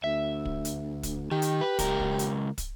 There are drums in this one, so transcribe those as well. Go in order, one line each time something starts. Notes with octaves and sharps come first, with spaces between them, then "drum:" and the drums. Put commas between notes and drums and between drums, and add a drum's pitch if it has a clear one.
D2 E5
drum: kick
drum: hi-hat
drum: kick, hi-hat
D#3 G4
drum: hi-hat
B4
C#2 A#4, drum: kick, hi-hat
drum: kick
drum: hi-hat
drum: kick, hi-hat